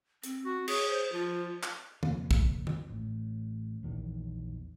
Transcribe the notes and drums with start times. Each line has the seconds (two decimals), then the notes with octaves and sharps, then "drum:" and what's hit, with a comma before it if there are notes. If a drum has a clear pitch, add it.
0.23 C4, drum: hi-hat
0.45 F#4
0.68 G#4 C#5, drum: cymbal
0.89 C5
1.13 F3 F4
1.63 drum: clap
2.03 F2 C#3 A#3, drum: tom D#3
2.31 drum: kick
2.67 drum: tom D#3
2.90 A1
3.83 A#1 E2 D#3 E3